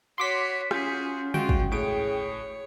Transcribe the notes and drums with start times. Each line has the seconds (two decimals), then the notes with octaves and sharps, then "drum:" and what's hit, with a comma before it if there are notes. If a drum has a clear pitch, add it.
0.18 F#4 C#5 C6 D6 B6
0.71 C#4 F4 F#4 G#4 G6, drum: rim click
1.34 G#3 F4 F#4 G5, drum: tom
1.49 drum: kick
1.72 A2 G#4 C#5 D7